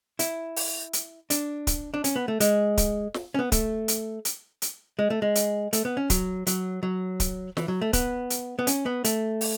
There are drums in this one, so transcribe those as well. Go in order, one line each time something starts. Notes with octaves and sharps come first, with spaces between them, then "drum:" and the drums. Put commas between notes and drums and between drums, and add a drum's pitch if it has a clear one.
E4, drum: hi-hat
drum: open hi-hat
drum: hi-hat
D4, drum: hi-hat
drum: kick D1, hi-hat
D4
C#4, drum: hi-hat
B3
A3
G#3, drum: hi-hat
drum: kick D1, hi-hat
drum: snare
C#4
B3
A3, drum: kick D1, hi-hat
drum: hi-hat
drum: hi-hat
drum: hi-hat
G#3
A3
G#3
drum: hi-hat
A3, drum: hi-hat
B3
C#4
F#3, drum: kick D1, hi-hat
F#3, drum: hi-hat
F#3
drum: kick D1, hi-hat
E3, drum: snare
F#3
A3
B3, drum: kick D1, hi-hat
drum: hi-hat
B3
C#4, drum: hi-hat
B3
A3, drum: hi-hat
drum: open hi-hat